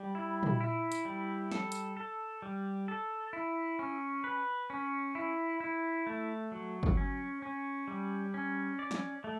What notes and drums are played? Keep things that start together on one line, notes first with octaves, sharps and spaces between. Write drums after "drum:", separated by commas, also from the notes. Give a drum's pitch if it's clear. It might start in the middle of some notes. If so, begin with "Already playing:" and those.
Already playing: G3
E4
drum: tom A#2
E4
drum: hi-hat
G3
A4, drum: snare
drum: hi-hat
A4
G3
A4
E4
C#4
B4
C#4
E4
E4
A3
F#3
drum: kick
C#4
C#4
G3
C#4
D5
drum: snare
A3